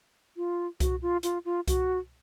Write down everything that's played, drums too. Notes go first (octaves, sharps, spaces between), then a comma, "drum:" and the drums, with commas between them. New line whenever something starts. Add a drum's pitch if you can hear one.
F4
F#4, drum: kick C2, hi-hat
F4
F4, drum: hi-hat
F4
F#4, drum: kick C2, hi-hat